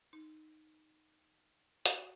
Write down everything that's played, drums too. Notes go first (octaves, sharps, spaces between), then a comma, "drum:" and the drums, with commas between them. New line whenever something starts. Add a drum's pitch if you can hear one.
D#4
F#4, drum: hi-hat